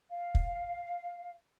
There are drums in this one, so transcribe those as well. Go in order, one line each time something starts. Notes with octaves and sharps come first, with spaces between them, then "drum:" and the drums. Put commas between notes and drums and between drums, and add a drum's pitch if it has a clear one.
F5
drum: kick